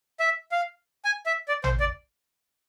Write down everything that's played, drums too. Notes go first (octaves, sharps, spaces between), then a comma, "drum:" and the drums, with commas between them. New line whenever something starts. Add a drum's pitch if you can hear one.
E5
F5
G#5
E5
D5
C5, drum: tom A1
D5